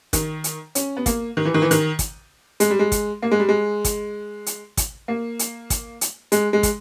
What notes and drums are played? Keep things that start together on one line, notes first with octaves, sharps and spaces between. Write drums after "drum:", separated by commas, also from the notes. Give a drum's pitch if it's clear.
D#3, drum: kick, hi-hat
drum: hi-hat
C#4, drum: hi-hat
B3
A#3, drum: kick, hi-hat
D#3
E3
D#3
E3
D#3, drum: hi-hat
drum: kick, hi-hat
G#3, drum: hi-hat
G3
G#3
drum: kick, hi-hat
A#3
G#3
G3
G#3
drum: kick, hi-hat
drum: hi-hat
drum: kick, hi-hat
A#3
drum: hi-hat
drum: kick, hi-hat
drum: hi-hat
G#3, drum: hi-hat
G#3
drum: kick, hi-hat